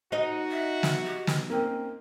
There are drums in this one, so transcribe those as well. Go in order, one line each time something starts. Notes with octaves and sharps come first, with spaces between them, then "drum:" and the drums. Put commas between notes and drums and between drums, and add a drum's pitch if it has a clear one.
D#4 F#4 D#5
E5
drum: snare
G4
drum: snare
A#3 C4 C#4